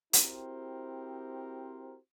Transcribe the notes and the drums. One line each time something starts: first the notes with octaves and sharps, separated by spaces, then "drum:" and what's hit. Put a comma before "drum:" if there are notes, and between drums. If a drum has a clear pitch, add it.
C4 E4 F#4 G4 A#4 C5, drum: hi-hat